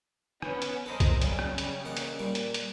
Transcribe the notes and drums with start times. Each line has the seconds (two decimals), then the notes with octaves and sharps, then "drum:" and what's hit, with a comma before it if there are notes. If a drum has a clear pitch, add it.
0.42 B3 C#4, drum: rim click
0.62 drum: hi-hat
0.86 A4 A#4 C5 D#5 B5
1.00 drum: kick, hi-hat
1.22 C#3 F#3 G3 C#4, drum: hi-hat
1.39 drum: rim click
1.58 drum: hi-hat
1.85 A#3 D#5 F#5
1.97 drum: hi-hat
2.19 A#2 G3 A#3
2.35 drum: hi-hat
2.54 drum: hi-hat